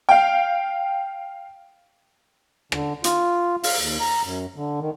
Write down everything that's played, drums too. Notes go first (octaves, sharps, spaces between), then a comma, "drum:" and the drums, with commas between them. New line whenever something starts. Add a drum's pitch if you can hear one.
F5 G5
D3, drum: rim click
F4, drum: hi-hat
F5, drum: open hi-hat
D#2
A#5
F#2
D3
D#3